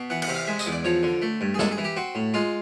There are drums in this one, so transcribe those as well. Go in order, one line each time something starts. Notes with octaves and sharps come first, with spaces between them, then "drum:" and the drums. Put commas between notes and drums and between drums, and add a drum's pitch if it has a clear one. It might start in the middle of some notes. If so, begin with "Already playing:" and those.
Already playing: B2
E3 F#5
F#5, drum: cymbal
C3
F5
G#3 E5
D#5, drum: tambourine
E2
D5
F3 C#5
D3
A3
G2
G#4
G#3 A4, drum: snare
G#4
E3
G4
C4 F#4
A2
G#3 F4